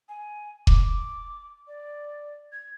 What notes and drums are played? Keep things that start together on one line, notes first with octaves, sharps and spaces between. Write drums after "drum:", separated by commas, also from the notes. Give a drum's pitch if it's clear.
G#5
D6, drum: kick E1
D5
G#6